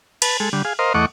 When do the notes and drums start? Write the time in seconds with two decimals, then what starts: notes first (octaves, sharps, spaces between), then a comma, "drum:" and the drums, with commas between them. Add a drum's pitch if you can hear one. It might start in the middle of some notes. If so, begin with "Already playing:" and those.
0.22 B4 A5, drum: cymbal
0.40 G#3 A4
0.53 D3 G3
0.65 G#4 F5
0.79 A#4 C5 D#5 F5
0.94 E2 A3 D#5 F#5 C#6 D6